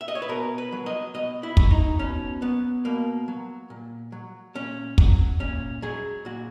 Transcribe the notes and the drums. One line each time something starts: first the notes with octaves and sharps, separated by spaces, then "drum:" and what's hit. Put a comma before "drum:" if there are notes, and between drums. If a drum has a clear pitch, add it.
E5
D#5
C#5
B4
B2 A#4
B4
F#3
D#5
B2 D#5
E4
F#3, drum: kick
D#4
B2 C#4
F#3 B3
B2 A#3
F#3
A#2
F#3
A#2 C#4
F#3, drum: kick
A#2 C#4
F#3 G#4
A#2 F#4